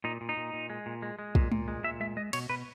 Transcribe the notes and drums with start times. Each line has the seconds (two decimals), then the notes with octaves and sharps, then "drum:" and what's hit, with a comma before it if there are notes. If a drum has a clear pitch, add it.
0.04 A#2 D#4
0.21 A#2
0.29 D#4
0.37 A#2
0.53 A#2
0.70 G#3
0.86 A#2
1.02 G#3
1.19 G#3
1.35 A#2, drum: kick
1.52 A#2, drum: tom G#3
1.68 G#3
1.84 A#2 E5
2.00 G#3 E5
2.17 G#3 D#5
2.33 B2 C#5, drum: cymbal
2.49 B2 B4